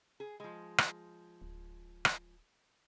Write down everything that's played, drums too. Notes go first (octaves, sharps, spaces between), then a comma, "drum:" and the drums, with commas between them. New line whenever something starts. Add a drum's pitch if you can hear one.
G#4
F3 G#3
drum: rim click
D1
drum: rim click